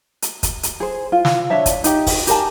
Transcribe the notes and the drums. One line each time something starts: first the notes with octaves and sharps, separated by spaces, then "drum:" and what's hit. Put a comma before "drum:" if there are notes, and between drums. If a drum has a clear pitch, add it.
drum: hi-hat
drum: kick, hi-hat
drum: hi-hat
G#4 C5
F4
drum: snare
D4 C#5 E5 A5
drum: kick, hi-hat
D#4 G4, drum: hi-hat
drum: kick, open hi-hat
G4 A#4 G#5 A5, drum: hi-hat